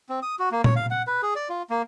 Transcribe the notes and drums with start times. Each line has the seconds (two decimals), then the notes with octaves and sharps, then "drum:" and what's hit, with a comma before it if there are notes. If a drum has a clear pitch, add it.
0.09 C4
0.23 D#6
0.39 F#4
0.52 A#3
0.64 C#5, drum: tom
0.76 F5
0.91 F#5
1.07 B4
1.23 G#4
1.35 D5
1.49 F4
1.70 A#3